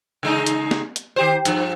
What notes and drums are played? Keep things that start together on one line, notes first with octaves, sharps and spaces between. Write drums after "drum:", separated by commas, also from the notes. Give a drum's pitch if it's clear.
C#3 G#3 D#4
drum: hi-hat
drum: snare
drum: hi-hat
D#3 G4 C5
G2 F3, drum: hi-hat